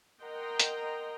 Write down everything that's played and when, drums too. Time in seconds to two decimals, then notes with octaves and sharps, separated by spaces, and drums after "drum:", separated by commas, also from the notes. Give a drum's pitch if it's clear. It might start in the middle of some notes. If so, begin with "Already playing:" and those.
0.22 A#4 D#5 F#5 G5 A#5 C6
0.60 drum: hi-hat